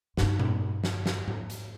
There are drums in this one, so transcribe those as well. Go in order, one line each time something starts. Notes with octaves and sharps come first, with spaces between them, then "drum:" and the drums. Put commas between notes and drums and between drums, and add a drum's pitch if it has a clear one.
G2 D#4, drum: snare
drum: tom A#2
drum: snare
drum: snare
drum: tom G#2
drum: hi-hat